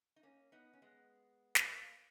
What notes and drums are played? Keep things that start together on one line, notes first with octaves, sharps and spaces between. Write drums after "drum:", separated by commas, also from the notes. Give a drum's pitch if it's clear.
D#4
A#3 C#4
B3 D#4
C#4
G#3 B3
drum: snare
A#3